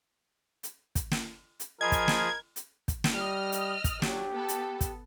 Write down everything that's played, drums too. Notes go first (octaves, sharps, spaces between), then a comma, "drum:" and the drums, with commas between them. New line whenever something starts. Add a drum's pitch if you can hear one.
drum: hi-hat
drum: kick, hi-hat
drum: snare
drum: hi-hat
F3 G#4 A#4 D#5 G#5 B5 G#6
drum: kick, hi-hat
drum: snare
drum: hi-hat
drum: kick, hi-hat
drum: snare
G3 D#5 F6
drum: hi-hat
drum: kick, hi-hat
F#3 D4 G4, drum: snare
B3 A4
drum: hi-hat
drum: kick, hi-hat